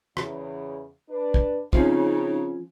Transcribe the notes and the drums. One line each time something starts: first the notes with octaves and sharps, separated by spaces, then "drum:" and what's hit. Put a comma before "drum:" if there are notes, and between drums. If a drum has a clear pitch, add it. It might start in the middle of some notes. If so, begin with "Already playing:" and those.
E2 C#3 E3, drum: rim click
D4 B4
drum: kick
C#3 F3 C4 C#4 D#4, drum: kick